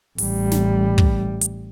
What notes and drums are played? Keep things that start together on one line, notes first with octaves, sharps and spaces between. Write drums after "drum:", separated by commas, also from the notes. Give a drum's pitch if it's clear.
A1 G3, drum: open hi-hat
drum: snare
drum: kick
drum: hi-hat